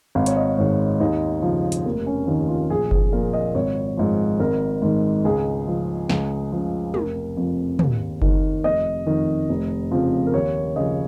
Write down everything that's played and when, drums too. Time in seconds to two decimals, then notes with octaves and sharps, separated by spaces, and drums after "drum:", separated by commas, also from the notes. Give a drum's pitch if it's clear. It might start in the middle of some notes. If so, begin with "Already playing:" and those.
0.15 G#1 F5
0.26 C#5, drum: hi-hat
0.37 D#5
0.58 G#2 D#3 C#5
0.79 C#5
1.00 D#2 D#4
1.42 C#3 F3
1.72 drum: hi-hat
1.85 F1 A#3
2.06 C#4
2.27 D#2 D#3 D#4
2.49 F4
2.70 A#1 G#4
2.91 G#4, drum: kick F#1
3.12 A#2 F3 A#4
3.33 D#5
3.55 G#1 C#5
3.97 G#2 F3
4.40 G#1 A#4
4.82 G#2 D#3
5.25 C#2 G#4
5.67 C#3 F3
6.09 C#2, drum: snare
6.52 C#3 F3
6.94 F1 A#4, drum: tom
7.37 F2 F3
7.79 D#2, drum: tom
8.22 D#3, drum: kick F#1
8.64 F1 D#5
9.07 F2 D#3
9.49 F1
9.91 F2 C#3 F3
10.26 A#4
10.34 D#2 C#5
10.76 C#3 F3 D#5